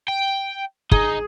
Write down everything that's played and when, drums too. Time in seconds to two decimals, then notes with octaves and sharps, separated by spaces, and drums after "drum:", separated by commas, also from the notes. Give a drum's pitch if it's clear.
0.08 G5
0.91 D#4 G#4, drum: kick